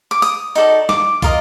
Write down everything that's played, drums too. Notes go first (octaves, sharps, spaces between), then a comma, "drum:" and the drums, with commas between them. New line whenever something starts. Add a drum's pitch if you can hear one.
D6
D#6, drum: tambourine
D#4 F#4 A4 D5, drum: tambourine
D6, drum: snare
F4 A#4 D#5, drum: kick, tambourine